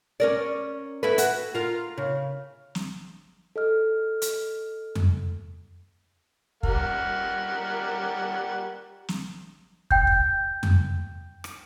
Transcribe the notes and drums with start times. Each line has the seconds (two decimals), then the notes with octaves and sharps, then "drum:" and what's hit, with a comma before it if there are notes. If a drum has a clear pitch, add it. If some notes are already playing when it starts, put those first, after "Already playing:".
0.20 C#4 A#4 D5
1.03 E4 A4 B4
1.18 F#4, drum: hi-hat
1.55 F4 A#4
1.98 C#3
2.75 drum: snare
3.56 A4 D#5 F6
4.22 drum: hi-hat
4.95 drum: tom F2
6.63 G3 A#4 F#5, drum: kick
9.08 drum: snare
9.91 G5 G6, drum: kick
10.07 drum: kick
10.63 drum: tom F2
11.44 drum: rim click